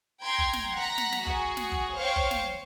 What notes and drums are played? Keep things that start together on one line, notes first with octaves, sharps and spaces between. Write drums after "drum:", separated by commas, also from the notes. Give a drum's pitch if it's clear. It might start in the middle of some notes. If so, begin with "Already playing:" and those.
G5 A#5 C6 G#6
drum: kick
drum: snare
F#5 A#5 B6
drum: snare
drum: snare
F#4 G#4, drum: kick
drum: snare
drum: kick
C5 C#5 F5 G5 C#6
drum: kick
drum: snare